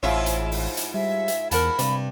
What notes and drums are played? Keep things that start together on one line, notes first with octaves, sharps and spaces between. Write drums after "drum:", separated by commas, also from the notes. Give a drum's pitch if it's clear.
A1 G#2 E4 F4 C#5 E5
drum: hi-hat
drum: open hi-hat
drum: hi-hat
G3 E5
drum: hi-hat
E2 A#4 F#5 A5 B5, drum: hi-hat
G2 C3, drum: hi-hat